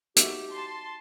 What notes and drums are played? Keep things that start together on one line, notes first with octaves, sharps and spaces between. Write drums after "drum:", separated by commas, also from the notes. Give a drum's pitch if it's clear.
D#4 F#4 G4 E5, drum: hi-hat
A5 C6